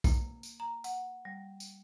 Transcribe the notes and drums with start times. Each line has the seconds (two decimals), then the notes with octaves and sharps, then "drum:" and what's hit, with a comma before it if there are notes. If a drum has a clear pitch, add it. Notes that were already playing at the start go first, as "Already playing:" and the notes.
0.04 A#3, drum: kick B1, tambourine
0.43 drum: tambourine
0.60 A#5
0.84 F#5, drum: tambourine
1.25 G3
1.60 drum: tambourine